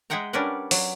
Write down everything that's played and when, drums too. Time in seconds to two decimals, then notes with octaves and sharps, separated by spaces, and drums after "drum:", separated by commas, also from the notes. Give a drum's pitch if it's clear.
0.10 G#3 G#4 E5 F#5 G5 A#5
0.33 G3 C#4 D4 A#4 B4 F#5
0.71 F#3, drum: open hi-hat